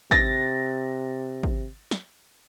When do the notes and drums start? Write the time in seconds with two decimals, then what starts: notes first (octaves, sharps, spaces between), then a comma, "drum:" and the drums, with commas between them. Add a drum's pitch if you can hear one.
0.11 C3 A6 A#6, drum: kick
1.43 drum: kick
1.91 drum: snare